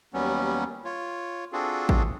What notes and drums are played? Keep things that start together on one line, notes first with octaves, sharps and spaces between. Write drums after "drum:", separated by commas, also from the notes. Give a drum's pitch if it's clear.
D#2 F#3 G3 B3 C#4
F4 C#5
C4 D4 F4 F#4 G#4 A4
drum: kick A1